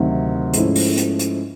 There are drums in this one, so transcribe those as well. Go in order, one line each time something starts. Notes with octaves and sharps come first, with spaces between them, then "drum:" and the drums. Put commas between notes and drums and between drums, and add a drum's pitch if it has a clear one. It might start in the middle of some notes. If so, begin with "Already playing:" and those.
Already playing: D2 C3 D#3 F#3
G#2 F3 A3 C#4 E4, drum: hi-hat
drum: open hi-hat
drum: hi-hat
drum: hi-hat